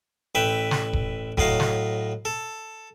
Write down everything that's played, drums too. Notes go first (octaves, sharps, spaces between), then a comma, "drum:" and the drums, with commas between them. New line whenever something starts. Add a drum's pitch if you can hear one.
A1 B4 E5 G5
drum: snare
drum: kick E1
A2 F#3 D#5 F5, drum: kick E1
drum: snare
A4